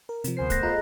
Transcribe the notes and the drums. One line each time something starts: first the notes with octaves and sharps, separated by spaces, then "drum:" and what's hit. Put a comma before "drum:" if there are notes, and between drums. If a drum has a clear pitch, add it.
A#4
C3 F3, drum: hi-hat
D2 B3 A#4 C5 G#5 C7
A3 F#6 A#6, drum: kick, hi-hat
F4 G#4 A4 D#5 A#5 B5 F#6